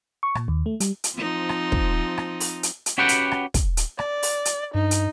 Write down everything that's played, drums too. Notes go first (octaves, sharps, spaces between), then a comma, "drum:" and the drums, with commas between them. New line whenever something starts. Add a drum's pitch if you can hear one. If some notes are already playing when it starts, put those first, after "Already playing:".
C#6
A#2, drum: rim click
D#2
A3
G3, drum: hi-hat
drum: hi-hat
F3 C4 D#4
drum: rim click
drum: kick
drum: rim click
drum: open hi-hat
drum: hi-hat
drum: hi-hat
C#4 F#4 G4 B4 F#5 G5
drum: hi-hat
drum: rim click
drum: kick, hi-hat
drum: hi-hat
D5, drum: rim click
drum: open hi-hat
drum: hi-hat
G2 D#4
drum: hi-hat